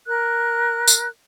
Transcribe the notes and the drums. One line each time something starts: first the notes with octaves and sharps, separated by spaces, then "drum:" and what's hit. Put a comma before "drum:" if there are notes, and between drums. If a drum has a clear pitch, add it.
A#4 F#6
drum: tambourine